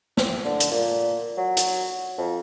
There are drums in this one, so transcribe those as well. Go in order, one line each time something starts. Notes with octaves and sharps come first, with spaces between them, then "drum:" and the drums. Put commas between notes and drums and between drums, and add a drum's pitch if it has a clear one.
C4, drum: snare
D3
drum: hi-hat
A#2
F#3
drum: hi-hat
F2